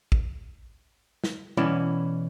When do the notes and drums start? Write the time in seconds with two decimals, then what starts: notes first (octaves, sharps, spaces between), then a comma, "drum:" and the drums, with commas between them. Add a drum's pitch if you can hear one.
0.12 drum: kick
1.24 drum: snare
1.57 B2 E3 C#4 E4 D5, drum: tom G3